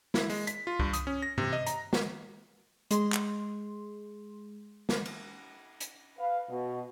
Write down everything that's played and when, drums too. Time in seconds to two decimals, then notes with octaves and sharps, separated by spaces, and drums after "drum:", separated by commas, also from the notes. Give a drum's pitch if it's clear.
0.14 E4, drum: snare
0.30 G#3, drum: open hi-hat
0.47 B6, drum: hi-hat
0.67 F4
0.79 G2, drum: kick C2
0.93 D#6, drum: hi-hat
1.07 C#4
1.22 A#6
1.38 C3, drum: tom G2
1.53 D#5
1.67 A#5, drum: hi-hat
1.93 drum: snare
2.91 G#3 G#4 C6, drum: hi-hat
3.13 drum: clap
4.89 drum: snare
5.05 drum: cymbal
5.80 drum: hi-hat
6.18 B4 F5
6.50 B2